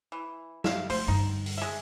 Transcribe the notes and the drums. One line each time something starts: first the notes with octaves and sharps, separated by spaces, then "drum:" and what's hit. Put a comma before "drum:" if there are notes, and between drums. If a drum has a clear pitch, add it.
E3
E5 F5, drum: snare
A3 C5, drum: open hi-hat
G2 D3 D#4
drum: open hi-hat
G#3 E5